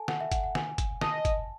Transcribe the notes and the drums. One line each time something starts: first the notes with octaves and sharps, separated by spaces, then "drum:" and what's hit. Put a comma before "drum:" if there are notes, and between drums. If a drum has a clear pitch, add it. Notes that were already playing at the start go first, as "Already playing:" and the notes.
Already playing: A4 G#5 A5
F#5, drum: snare
E5
F#5, drum: kick, hi-hat
F#5
G#5, drum: snare
drum: kick, hi-hat
D#5 A5, drum: snare
drum: kick, hi-hat